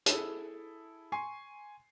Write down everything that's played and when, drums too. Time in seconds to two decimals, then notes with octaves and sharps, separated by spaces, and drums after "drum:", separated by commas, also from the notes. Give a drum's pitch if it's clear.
0.06 E4 G#4 A4, drum: hi-hat
1.12 G#5 C6 C#6 C7